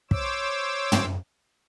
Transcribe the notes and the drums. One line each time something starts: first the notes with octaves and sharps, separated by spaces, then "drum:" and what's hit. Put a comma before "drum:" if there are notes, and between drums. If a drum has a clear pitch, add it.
C5 C#5 D6 E6, drum: kick
drum: tom